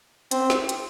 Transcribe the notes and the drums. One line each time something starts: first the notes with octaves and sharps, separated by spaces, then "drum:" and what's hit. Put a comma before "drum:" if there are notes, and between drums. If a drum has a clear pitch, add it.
C4, drum: hi-hat
drum: snare
drum: hi-hat